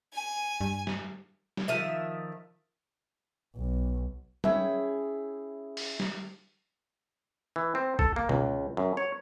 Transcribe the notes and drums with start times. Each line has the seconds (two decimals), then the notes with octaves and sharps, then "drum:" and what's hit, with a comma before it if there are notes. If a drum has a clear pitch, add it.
0.13 G#5
0.61 G2
0.87 drum: snare
1.57 drum: snare
1.68 D#3 F3 E5
3.56 B1
4.44 C#4 E4 G#4 G5, drum: tom G3
5.77 drum: open hi-hat
6.00 drum: snare
7.56 E3
7.75 C4
7.99 A4, drum: kick
8.16 A#3
8.29 C#2, drum: tom B2
8.77 F#2
8.97 C#5